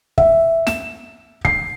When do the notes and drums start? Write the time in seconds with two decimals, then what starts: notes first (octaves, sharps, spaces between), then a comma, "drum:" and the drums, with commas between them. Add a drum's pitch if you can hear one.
0.18 E5, drum: kick
0.67 E7, drum: snare
1.45 C7, drum: kick